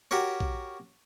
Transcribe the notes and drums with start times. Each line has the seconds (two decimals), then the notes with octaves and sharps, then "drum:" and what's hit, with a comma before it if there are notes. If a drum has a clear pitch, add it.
0.11 F#4 G4 A#4 C#5
0.40 drum: kick